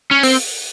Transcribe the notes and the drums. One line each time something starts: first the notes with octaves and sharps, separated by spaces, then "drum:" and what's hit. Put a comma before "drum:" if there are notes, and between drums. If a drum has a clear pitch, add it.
C#4
C4, drum: open hi-hat